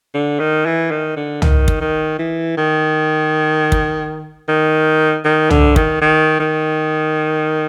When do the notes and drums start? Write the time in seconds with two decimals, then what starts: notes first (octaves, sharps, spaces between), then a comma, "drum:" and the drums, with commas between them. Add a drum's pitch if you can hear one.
0.14 D3
0.40 D#3
0.66 E3
0.91 D#3
1.17 D3
1.42 D#3, drum: tom
1.68 drum: kick
1.81 D#3
2.19 E3
2.57 D#3
3.72 drum: kick
4.48 D#3
5.25 D#3
5.50 D3, drum: tom
5.76 D#3, drum: kick
6.01 D#3
6.40 D#3